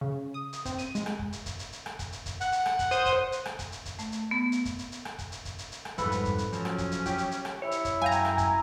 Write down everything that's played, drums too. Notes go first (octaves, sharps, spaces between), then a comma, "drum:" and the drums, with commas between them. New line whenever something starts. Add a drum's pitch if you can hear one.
C#3
D#6
drum: hi-hat
C4, drum: kick, hi-hat
D#7, drum: hi-hat
G#3, drum: hi-hat
drum: rim click
drum: kick
drum: hi-hat
drum: kick, hi-hat
drum: hi-hat
drum: hi-hat
drum: rim click
drum: kick, hi-hat
drum: hi-hat
drum: kick, hi-hat
F#5, drum: hi-hat
drum: hi-hat
drum: rim click
drum: kick, hi-hat
C5 D#6, drum: hi-hat
drum: kick, hi-hat
drum: hi-hat
drum: rim click
drum: kick, hi-hat
drum: hi-hat
drum: kick, hi-hat
A3, drum: hi-hat
drum: hi-hat
B3
drum: hi-hat
drum: kick, hi-hat
drum: hi-hat
drum: hi-hat
drum: rim click
drum: kick, hi-hat
drum: hi-hat
drum: kick, hi-hat
drum: hi-hat
drum: hi-hat
drum: rim click
F2 G#2 G3 A4 B4 B5, drum: kick, hi-hat
drum: hi-hat
drum: kick, hi-hat
drum: hi-hat
F3 F#3 C#4, drum: hi-hat
drum: rim click
drum: kick, hi-hat
drum: hi-hat
G4, drum: kick, hi-hat
drum: hi-hat
drum: hi-hat
drum: rim click
E4 C#5
drum: hi-hat
drum: kick, hi-hat
F#2 F5 G5 G#5 A#5
drum: hi-hat
drum: rim click
drum: kick, hi-hat